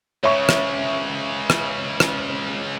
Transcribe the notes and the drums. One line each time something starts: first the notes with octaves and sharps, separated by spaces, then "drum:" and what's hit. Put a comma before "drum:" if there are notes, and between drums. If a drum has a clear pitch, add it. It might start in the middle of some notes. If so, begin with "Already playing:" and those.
C#2 C#3 C#5 E5 C#6
drum: rim click
drum: rim click
drum: rim click